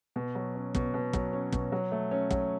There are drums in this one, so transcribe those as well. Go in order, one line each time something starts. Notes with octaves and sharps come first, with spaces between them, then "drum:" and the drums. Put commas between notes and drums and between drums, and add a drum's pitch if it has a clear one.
B2
F#3
C#4
B2, drum: kick
B2
F#3, drum: kick
C#4
B2, drum: kick
F#3
A3
C#4
F#3, drum: kick